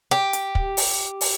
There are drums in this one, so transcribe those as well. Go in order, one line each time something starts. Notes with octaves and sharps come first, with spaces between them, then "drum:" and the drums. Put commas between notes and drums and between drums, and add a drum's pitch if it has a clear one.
G4
drum: hi-hat
drum: kick
drum: open hi-hat
drum: open hi-hat